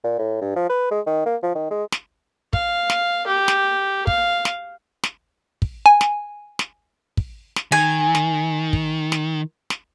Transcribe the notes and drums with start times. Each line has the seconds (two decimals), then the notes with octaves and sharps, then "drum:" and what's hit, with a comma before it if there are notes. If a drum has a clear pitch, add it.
0.04 A#2
0.19 A2
0.42 G2
0.56 F3
0.70 B4
0.91 G#3
1.06 D#3
1.26 A#3
1.43 F3
1.56 D#3
1.71 G#3
1.92 drum: snare
2.53 F5, drum: kick
2.90 drum: snare
3.27 G4
3.48 drum: snare
4.07 F5, drum: kick
4.45 drum: snare
5.03 drum: snare
5.62 drum: kick
5.86 G#5
6.01 drum: snare
6.59 drum: snare
7.17 drum: kick
7.56 drum: snare
7.72 D#3 G#5
8.15 drum: snare
8.73 drum: kick
9.12 drum: snare
9.70 drum: snare